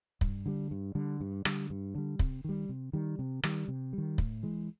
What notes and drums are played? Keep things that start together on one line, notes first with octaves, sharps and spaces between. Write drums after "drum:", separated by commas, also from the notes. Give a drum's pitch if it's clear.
G2, drum: kick
D3 G3
G2
D3 G3
G2
D3 G3, drum: rim click
G2
D3 G3
C3, drum: kick
D#3 G3
C3
D#3 G3
C3
D#3 G3, drum: rim click
C3
D#3 G3
A2, drum: kick
E3 G#3